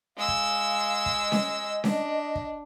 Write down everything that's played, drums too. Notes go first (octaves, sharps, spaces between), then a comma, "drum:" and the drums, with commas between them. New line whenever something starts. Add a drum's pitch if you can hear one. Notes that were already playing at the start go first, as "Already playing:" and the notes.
G#3 F5 E6
drum: kick
drum: kick
D#5
drum: snare C#4
D4, drum: snare C#4
drum: kick